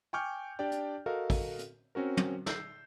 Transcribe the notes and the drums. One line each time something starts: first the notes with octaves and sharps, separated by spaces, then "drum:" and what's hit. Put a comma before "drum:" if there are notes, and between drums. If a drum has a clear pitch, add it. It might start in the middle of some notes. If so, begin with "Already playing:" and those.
G5 G#5 C#6 D6 F6 G6
D4 G4 D5 G5
drum: hi-hat
F#4 A4 A#4 D#5 F5
drum: kick, open hi-hat
drum: hi-hat
C4 C#4 F#4 A#4
drum: tom
E6 G6 C7, drum: snare